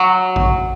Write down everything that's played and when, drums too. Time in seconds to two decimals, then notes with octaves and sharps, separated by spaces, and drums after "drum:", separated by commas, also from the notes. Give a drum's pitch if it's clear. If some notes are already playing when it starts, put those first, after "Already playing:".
Already playing: F#3
0.36 drum: kick A1